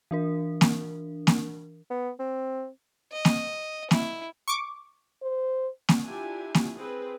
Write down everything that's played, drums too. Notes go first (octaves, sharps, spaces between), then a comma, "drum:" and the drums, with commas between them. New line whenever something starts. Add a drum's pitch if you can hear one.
E3 D4 A#4
drum: snare A#3
drum: snare A#3
B3
C4
D#5
drum: snare A#3
E4, drum: snare A#3
C#6 D6
C5
drum: snare A#3
D4 E4 F4 G4 G#5
drum: snare A#3
C4 G#4 B4